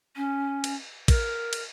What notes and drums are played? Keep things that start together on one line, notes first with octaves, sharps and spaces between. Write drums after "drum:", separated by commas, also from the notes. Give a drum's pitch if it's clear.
C#4
drum: cymbal
A#4, drum: kick, cymbal
drum: cymbal